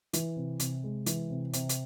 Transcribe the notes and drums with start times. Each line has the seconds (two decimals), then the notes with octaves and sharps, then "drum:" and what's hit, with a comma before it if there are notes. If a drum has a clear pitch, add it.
0.13 E3, drum: hi-hat
0.37 C3
0.60 C3, drum: hi-hat
0.84 G#3
1.06 E3, drum: hi-hat
1.30 C3
1.53 C3, drum: hi-hat
1.69 drum: hi-hat